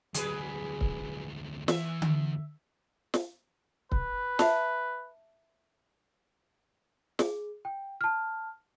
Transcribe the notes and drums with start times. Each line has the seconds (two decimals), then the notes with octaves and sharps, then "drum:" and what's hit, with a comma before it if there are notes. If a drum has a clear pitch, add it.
0.14 D2 F#3 G#3 G#4 B4, drum: hi-hat
0.81 drum: kick C#1
1.68 E2 E5, drum: snare
2.02 drum: tom D3
3.14 drum: snare
3.92 B4, drum: kick C#1
4.39 E5 A5, drum: snare
7.19 G#4, drum: snare
7.65 G5
8.01 A5 F6